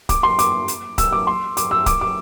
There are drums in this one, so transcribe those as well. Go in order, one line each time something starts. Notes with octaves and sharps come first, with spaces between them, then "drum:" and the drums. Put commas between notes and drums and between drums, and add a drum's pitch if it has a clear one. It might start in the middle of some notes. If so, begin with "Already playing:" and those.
D6, drum: kick C#1, hi-hat
C6
D6, drum: hi-hat
drum: hi-hat
E6, drum: kick C#1, hi-hat
D6
C6
D6, drum: hi-hat
E6
D6, drum: kick C#1, hi-hat
D6